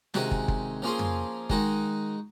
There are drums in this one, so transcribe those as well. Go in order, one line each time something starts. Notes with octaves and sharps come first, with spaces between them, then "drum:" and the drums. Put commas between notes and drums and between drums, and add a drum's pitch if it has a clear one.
C3 D#3 G#3 C#4 F#4, drum: snare
drum: kick
drum: kick
F3 A#3 C#4 F4 G#4
drum: tom F2
D#3 G#3 D#4 F#4, drum: kick